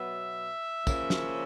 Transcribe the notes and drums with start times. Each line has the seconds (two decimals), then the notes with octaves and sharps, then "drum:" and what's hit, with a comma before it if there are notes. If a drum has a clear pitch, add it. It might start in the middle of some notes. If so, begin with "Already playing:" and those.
Already playing: B2 F#3 B3 E5
0.87 C#3 F3 A#3 C#4, drum: kick, tambourine
1.10 drum: snare